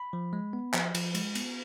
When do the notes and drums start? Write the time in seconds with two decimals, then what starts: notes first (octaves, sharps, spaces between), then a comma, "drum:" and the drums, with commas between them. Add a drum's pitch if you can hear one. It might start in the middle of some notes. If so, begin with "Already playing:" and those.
Already playing: B5
0.13 F3
0.33 G#3
0.53 B3
0.74 F3, drum: clap
0.95 F3, drum: cymbal
1.15 G#3, drum: cymbal
1.35 B3, drum: cymbal